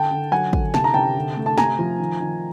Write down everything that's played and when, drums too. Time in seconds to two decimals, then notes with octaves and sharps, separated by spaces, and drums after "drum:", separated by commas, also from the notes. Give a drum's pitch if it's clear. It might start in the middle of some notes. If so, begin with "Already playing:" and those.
Already playing: D3 G5 A5
0.11 D3
0.32 F#3 F#5 G#5
0.53 D3, drum: kick
0.74 C3 A5, drum: snare
0.84 A#5
0.94 C3 G5 A5
1.16 D3
1.37 A3
1.46 A5
1.58 C3 G#5 A#5, drum: snare
1.79 F3
2.00 D#3
2.20 D#3